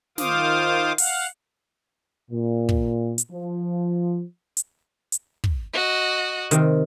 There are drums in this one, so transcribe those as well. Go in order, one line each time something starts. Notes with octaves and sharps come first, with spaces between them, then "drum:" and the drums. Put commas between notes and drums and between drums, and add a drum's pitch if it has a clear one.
D#3 F4 C5 F5 D6 D#6, drum: snare
F5 F#5, drum: open hi-hat
A#2
drum: kick
drum: hi-hat
F3
drum: hi-hat
drum: hi-hat
drum: kick
F#4 D#5
C3 D#3, drum: hi-hat